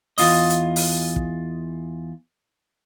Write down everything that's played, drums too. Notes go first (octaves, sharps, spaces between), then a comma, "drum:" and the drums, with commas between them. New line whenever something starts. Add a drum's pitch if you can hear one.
E2 F4 D#5, drum: open hi-hat
drum: hi-hat
drum: open hi-hat
drum: kick